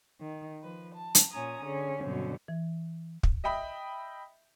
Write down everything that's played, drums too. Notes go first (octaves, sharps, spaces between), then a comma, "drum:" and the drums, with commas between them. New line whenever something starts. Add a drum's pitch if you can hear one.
D#3
F3 B4
A5
drum: hi-hat
A#2 C#4 G#5 A#5 D#6
D3 C#4 G#4
G2 B2 D3 F#3 C4 C#4
E3
drum: kick
D#5 E5 G5 B5 D#6